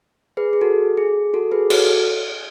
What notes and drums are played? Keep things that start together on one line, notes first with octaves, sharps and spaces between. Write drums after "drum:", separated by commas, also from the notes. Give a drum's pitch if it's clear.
G#4 B4
G#4
F#4 A4
G#4
F#4 A4
G#4 B4
F#4 A4, drum: cymbal